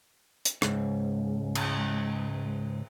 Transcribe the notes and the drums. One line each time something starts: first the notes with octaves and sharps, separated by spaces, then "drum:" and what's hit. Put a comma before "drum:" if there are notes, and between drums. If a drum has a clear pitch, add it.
drum: hi-hat
C#2 G#2, drum: rim click
drum: cymbal